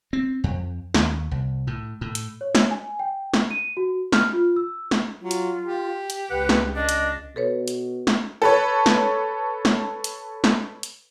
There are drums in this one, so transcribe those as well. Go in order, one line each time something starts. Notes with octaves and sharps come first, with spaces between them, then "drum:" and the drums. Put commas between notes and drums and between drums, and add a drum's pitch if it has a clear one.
C4
F2
D#2, drum: snare
C2
A2
A2
drum: hi-hat
C#5
drum: snare
G#5
G5
drum: snare
D#7
F#4
F6, drum: snare
F4
E6
drum: snare
F#3 F4
drum: hi-hat
G4
drum: hi-hat
C#2 B4 F#5
drum: snare
D4 D#5
drum: hi-hat
B2 A4 B4 C#5
drum: hi-hat
drum: snare
A4 B4 C#5
drum: snare
drum: snare
drum: hi-hat
drum: snare
drum: hi-hat